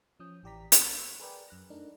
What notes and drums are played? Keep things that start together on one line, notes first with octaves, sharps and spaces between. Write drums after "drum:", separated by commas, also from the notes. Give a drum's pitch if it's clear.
F3 C#4 D#6 G6
A1 E3 G4 D5 A#5 B6
B5 C#6 D#6 E6 B6 C7, drum: hi-hat
G#4 A#4 B4 D5 G5
F#2 F#6 A#6
A3 D4 D#4 A#4